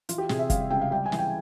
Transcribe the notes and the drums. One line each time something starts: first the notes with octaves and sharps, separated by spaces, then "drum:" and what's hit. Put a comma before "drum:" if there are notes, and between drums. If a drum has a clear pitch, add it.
E3 F4, drum: hi-hat
G4
C3 G#4, drum: snare
E5
G3 F5, drum: kick, hi-hat
C#2 G5
F5
G3 G5
G#5
E3, drum: snare
G5